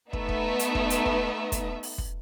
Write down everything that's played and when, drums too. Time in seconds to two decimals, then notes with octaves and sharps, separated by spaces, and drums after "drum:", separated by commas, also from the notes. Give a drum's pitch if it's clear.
0.13 A3 B3 D#4 E5, drum: kick
0.29 drum: kick
0.59 drum: hi-hat
0.75 drum: kick
0.90 drum: hi-hat
1.06 drum: kick
1.52 drum: kick, hi-hat
1.83 drum: open hi-hat
1.98 drum: kick